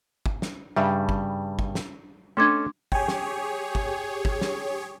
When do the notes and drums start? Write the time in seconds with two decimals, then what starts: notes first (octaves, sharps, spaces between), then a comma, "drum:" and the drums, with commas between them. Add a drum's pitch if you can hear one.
0.26 drum: kick
0.42 drum: snare
0.76 G2 C#3 G3 E5 G5 A5
1.09 drum: kick
1.59 drum: kick
1.75 drum: snare
2.37 A3 C#4 D4 A4 D#5 C6 D6 G#6
2.92 G4 G#4 C#5 G5 G#5, drum: kick
3.08 drum: snare
3.75 drum: kick
4.25 drum: kick
4.42 drum: snare